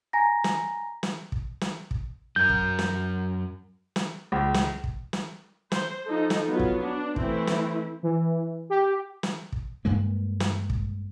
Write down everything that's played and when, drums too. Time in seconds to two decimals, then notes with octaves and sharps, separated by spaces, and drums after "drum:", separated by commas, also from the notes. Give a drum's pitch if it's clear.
0.13 G#5 A#5 A#6
0.44 drum: snare
1.03 drum: snare
1.32 drum: kick
1.61 drum: snare
1.91 drum: kick
2.36 F#2 A#4 G6
2.49 drum: kick
2.79 drum: snare
3.96 drum: snare
4.32 C#2
4.54 drum: snare
4.84 drum: kick
5.13 drum: snare
5.72 C5 C6, drum: snare
6.06 F3 D#4 A4
6.30 drum: snare
6.47 F#3 B3 F4
6.59 drum: kick
6.83 D4
7.16 E3 A3 C4 E4, drum: kick
7.47 drum: snare
8.03 E3
8.70 G4
9.23 drum: snare
9.52 drum: kick
9.85 G2 G#3 A#3
10.40 drum: snare
10.70 drum: kick